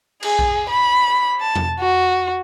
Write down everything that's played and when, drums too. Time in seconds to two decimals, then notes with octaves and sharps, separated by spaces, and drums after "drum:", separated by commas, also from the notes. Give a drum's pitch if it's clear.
0.23 G#4, drum: cymbal
0.39 drum: kick A#1
0.69 B5
1.41 A5
1.55 drum: tom
1.80 F#4